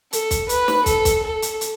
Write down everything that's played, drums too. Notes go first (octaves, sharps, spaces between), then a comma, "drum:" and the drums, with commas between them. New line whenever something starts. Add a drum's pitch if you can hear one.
A4, drum: hi-hat
drum: kick, hi-hat
B4, drum: hi-hat
drum: snare
A4, drum: kick, hi-hat
drum: kick, hi-hat
A4
drum: hi-hat
drum: hi-hat